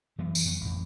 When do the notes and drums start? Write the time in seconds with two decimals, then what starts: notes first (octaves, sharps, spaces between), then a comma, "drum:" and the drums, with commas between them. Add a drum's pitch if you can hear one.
0.18 F#2 E3 F#3 B3
0.35 drum: tambourine
0.45 F2
0.61 A1 F2